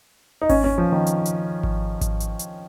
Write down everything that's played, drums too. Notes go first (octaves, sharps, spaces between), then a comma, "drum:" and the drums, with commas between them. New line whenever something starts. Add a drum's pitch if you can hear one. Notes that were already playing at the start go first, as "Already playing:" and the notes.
D#4
C#4, drum: kick G#1, open hi-hat
C#4
F3
D#3
drum: hi-hat
drum: hi-hat
drum: kick G#1
drum: kick G#1, hi-hat
drum: hi-hat
drum: hi-hat